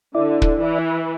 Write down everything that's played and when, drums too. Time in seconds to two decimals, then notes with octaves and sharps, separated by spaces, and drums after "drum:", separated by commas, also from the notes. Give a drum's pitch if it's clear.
0.15 D3 E4 D5
0.42 drum: kick
0.61 E3